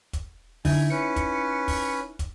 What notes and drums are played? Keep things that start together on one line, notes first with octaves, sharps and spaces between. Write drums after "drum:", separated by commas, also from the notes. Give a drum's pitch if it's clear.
drum: kick, hi-hat
D3 D#4 E4 G#5, drum: kick, open hi-hat
C#4 B4 C#7
drum: kick, hi-hat
drum: kick, open hi-hat
drum: kick, hi-hat